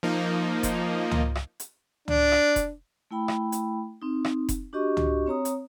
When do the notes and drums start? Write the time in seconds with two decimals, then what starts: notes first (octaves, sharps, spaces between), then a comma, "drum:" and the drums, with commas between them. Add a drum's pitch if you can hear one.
0.03 F3 A#3 D#4
0.63 drum: kick F1, hi-hat
1.11 drum: tom
1.35 drum: rim click
1.60 drum: hi-hat
2.08 D4, drum: tom
2.32 drum: rim click
2.56 drum: kick F1, hi-hat
3.11 A3 E4 G5 B5
3.28 drum: rim click
3.52 drum: hi-hat
4.02 C4 D#4
4.25 drum: rim click
4.49 drum: kick F1, hi-hat
4.73 D4 F#4 G4 D#5 C#6
4.97 drum: tom
5.26 C4 C#5 A#5 D#6
5.45 drum: hi-hat